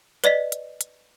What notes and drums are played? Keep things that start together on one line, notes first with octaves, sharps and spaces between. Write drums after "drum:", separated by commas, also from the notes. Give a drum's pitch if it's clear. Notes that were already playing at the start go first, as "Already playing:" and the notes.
B4 D5 D#5 B6, drum: hi-hat
drum: hi-hat
drum: hi-hat